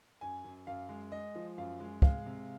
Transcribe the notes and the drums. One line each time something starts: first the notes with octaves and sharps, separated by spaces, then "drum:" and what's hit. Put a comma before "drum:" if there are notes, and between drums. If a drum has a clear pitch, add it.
F#2 G#5
F#2
F#2 F5
G#3
G#3 D#5
F3
F#2 F5
G#3
G#3 F5, drum: kick
C3